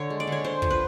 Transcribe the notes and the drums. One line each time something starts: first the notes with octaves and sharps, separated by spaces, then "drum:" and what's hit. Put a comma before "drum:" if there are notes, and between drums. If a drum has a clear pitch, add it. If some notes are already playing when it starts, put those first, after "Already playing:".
Already playing: D3 C#5
G#3
D5
D3 C#5
D3 C5
F3, drum: kick
B4